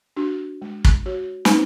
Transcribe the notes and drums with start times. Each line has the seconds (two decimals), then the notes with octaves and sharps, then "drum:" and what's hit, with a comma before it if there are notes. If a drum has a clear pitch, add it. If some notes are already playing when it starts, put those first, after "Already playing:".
0.16 D4 F#4
0.62 G#3
0.85 drum: kick
1.06 F#4 C#5
1.45 A#3 C4 C#4 D#4 B4 C5, drum: snare